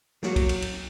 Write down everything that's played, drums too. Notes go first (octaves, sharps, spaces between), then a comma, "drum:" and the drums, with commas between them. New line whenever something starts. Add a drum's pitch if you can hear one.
F#3 A#3, drum: snare
drum: kick, cymbal
drum: cymbal
drum: cymbal